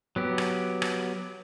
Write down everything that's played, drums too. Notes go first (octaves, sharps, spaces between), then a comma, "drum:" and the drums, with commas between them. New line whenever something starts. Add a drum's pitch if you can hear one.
F#3 B3 G4
drum: rim click
drum: rim click